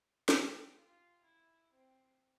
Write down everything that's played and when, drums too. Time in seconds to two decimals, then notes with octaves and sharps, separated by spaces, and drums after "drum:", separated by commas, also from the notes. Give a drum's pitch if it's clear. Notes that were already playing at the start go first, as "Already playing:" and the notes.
0.29 G4, drum: snare
0.77 F4
1.25 E4
1.73 C4